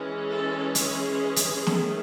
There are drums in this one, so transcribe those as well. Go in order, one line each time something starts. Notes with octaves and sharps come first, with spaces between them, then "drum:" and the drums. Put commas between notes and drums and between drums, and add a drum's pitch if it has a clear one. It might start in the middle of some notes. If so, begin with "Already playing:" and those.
Already playing: E3 G#3 C#4
A4
G#4, drum: hi-hat
drum: hi-hat
D#3 A3 C#4, drum: snare